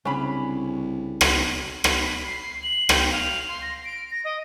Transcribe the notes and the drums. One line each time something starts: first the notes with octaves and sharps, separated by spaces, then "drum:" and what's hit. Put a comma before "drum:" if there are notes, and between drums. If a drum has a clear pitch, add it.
C2 C#3 C#4 D4 B5
drum: rim click
drum: rim click
B5
C7
F#7
G5, drum: rim click
F5
C6
A#6
D7
A#6
D#5